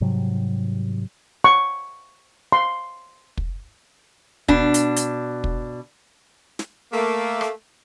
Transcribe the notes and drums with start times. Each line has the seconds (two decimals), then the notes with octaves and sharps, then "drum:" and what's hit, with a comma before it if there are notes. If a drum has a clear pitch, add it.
0.01 G#2 C3 F#3 G3
1.44 C#6
2.52 C6
3.37 drum: kick
4.48 B2 D4, drum: kick
4.74 drum: hi-hat
4.96 drum: hi-hat
5.44 drum: kick
6.59 drum: snare
6.93 A3 A#3
7.41 drum: rim click